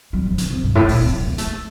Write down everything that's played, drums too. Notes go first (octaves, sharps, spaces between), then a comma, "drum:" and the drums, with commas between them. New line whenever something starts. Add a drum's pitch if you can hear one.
G3
F3
D3, drum: hi-hat
C3
G2
A2
A#2, drum: open hi-hat
C3
E3
A#3
A3, drum: hi-hat